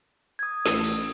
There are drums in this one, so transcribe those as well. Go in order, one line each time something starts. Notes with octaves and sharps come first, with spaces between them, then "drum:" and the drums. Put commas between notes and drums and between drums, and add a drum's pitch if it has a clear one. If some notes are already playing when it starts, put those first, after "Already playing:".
D#6 G#6
A1, drum: snare
drum: cymbal